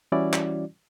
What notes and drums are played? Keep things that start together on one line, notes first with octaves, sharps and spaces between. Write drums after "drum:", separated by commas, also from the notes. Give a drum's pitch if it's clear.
E3 G3 C#4 E4 F#4 D5
drum: clap